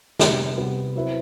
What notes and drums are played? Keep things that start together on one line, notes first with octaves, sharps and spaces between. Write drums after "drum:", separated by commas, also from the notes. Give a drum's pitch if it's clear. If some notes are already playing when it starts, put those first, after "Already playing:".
C3 G3 B3, drum: snare
C3 G3 B3
F#3 C4 E4 B4